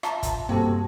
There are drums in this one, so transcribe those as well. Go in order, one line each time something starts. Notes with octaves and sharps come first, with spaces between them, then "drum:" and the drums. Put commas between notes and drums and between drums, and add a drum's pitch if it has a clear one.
F4 E5 A5 A#5, drum: rim click
drum: kick, hi-hat
G2 C3 A#3 C4 F#4 G4 A4